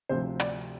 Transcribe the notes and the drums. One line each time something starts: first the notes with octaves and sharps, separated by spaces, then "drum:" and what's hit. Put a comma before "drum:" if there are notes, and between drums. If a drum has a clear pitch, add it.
D2 C3 F3 C5
D5, drum: hi-hat